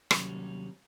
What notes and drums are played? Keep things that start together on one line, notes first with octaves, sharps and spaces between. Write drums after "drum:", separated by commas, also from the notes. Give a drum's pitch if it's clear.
D#2 C3 F#3 G3 C#4, drum: rim click